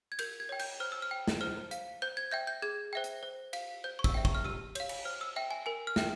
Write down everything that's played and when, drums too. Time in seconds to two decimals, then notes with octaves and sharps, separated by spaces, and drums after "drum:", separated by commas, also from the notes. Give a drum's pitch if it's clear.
0.12 G#6
0.19 A#4 G6, drum: cymbal
0.40 G#6
0.49 C#5 G5
0.60 G6, drum: cymbal
0.80 C5 F6
0.92 E6
1.02 F6
1.11 G5
1.27 drum: snare
1.41 C5 F6
1.71 F5, drum: hi-hat
2.02 C5 G6
2.17 G#6
2.31 E5 G5 G6
2.47 G6
2.62 G#4 G#6
2.93 C5 E5 G5
3.04 drum: hi-hat
3.23 C5
3.53 F5, drum: cymbal
3.84 C5 G6
3.99 C#6
4.04 E6, drum: kick
4.14 E5 G5
4.25 C#6, drum: kick
4.35 F6
4.45 G4 E6
4.75 C#5 F5, drum: cymbal
4.89 drum: cymbal
5.05 C5 F6
5.21 E6
5.36 E5 G5
5.51 G#5
5.66 A#4 G#5
5.87 F6
5.96 E5 G5, drum: snare